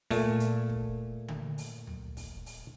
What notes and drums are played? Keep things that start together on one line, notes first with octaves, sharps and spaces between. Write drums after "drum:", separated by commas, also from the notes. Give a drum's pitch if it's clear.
A#2 A3, drum: open hi-hat
drum: hi-hat
drum: kick
drum: tom D3
drum: open hi-hat
drum: tom
drum: kick, open hi-hat
drum: open hi-hat